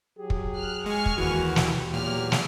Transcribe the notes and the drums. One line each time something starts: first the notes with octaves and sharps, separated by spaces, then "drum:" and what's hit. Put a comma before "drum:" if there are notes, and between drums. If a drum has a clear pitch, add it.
F#3 G4 G#4
drum: kick
F6 F#6
G#3 G#5 C#6 F6
drum: kick
D#2 E3 F#4
G4, drum: snare
E2 A#2 F#3 G4 F6
drum: snare